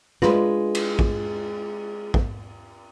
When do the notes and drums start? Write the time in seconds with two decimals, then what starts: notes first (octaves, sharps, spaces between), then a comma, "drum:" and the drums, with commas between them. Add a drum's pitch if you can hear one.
0.22 G#3 D4 F4 B4, drum: rim click
0.75 drum: cymbal
0.99 drum: kick
2.14 drum: kick